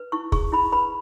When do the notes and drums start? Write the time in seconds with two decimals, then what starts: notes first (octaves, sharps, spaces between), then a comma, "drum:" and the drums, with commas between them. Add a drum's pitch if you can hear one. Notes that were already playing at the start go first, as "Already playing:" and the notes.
Already playing: B4
0.12 E4 C#6
0.32 G#4 C#6, drum: kick
0.52 E4 B5
0.72 B4 B5